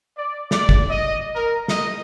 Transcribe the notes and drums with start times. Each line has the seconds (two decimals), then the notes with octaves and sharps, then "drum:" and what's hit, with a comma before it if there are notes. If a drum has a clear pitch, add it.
0.17 D5
0.51 D5, drum: snare
0.69 drum: kick
0.89 D#5
1.35 A#4
1.68 D#5, drum: snare